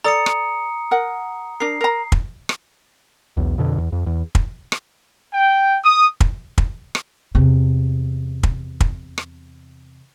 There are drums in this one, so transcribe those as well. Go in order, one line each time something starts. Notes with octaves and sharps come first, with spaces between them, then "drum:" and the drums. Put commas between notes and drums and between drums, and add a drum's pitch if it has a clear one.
A4 D5 A#5 D#6 C#7
drum: rim click
A#4 F#5
D4 A#4 C7
A#4 A#5
drum: kick
drum: rim click
B1 E2
F2 B2 D3
E2
F2
E2
drum: kick
drum: rim click
G5
D#6
drum: kick
drum: kick
drum: rim click
E2 C3
drum: kick
drum: kick
drum: rim click